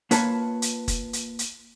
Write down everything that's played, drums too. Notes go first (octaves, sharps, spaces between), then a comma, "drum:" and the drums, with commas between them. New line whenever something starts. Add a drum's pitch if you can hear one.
A#3 F4 B4 C#5 A5, drum: hi-hat
drum: hi-hat
drum: kick, hi-hat
drum: hi-hat
drum: hi-hat